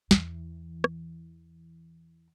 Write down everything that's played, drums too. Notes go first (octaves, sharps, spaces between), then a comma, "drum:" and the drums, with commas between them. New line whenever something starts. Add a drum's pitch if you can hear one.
E2 E3, drum: snare
drum: rim click